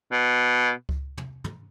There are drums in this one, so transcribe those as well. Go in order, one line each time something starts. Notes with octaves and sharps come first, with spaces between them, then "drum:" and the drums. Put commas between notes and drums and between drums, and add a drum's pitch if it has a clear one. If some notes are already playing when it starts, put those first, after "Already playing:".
B2
drum: kick C#2
drum: tom
drum: tom